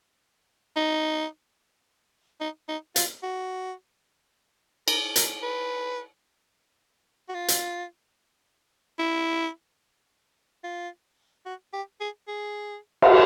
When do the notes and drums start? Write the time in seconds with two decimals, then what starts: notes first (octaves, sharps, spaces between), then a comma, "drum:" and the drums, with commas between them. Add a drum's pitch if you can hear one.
0.76 D#4
2.41 D#4
2.69 D#4
2.96 F4, drum: hi-hat
3.23 F#4
4.88 A#4, drum: cymbal
5.16 A#4, drum: hi-hat
5.43 B4
7.29 F#4
7.35 F4
7.48 drum: hi-hat
8.99 E4
10.64 F4
11.46 F#4
11.73 G4
12.01 G#4
12.28 G#4
13.02 drum: cymbal